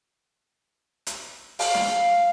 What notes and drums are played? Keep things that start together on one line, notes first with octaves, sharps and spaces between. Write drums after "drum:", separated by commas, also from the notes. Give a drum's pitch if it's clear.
drum: hi-hat
F5, drum: open hi-hat
drum: snare